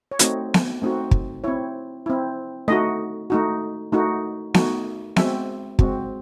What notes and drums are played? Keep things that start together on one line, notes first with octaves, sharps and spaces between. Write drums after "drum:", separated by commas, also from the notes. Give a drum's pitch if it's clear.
C#5
A3 C4 D#4 F#4 D#5, drum: hi-hat
drum: snare B3
A3 C4 D#4 F#4
drum: kick
C4 E4 C#5
C4 E4
A3 D#4 F#4 D#5
A3 D#4 F#4
A3 D#4 F#4
A3 D#4 F#4, drum: snare B3
G#3 C4 F#4 E5, drum: snare B3
G#3 C4 F#4, drum: kick